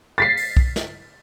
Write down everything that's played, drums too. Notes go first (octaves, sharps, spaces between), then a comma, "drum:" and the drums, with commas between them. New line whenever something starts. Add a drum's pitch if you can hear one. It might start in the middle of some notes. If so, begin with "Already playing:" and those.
A6 B6 C7
drum: open hi-hat
drum: kick
drum: snare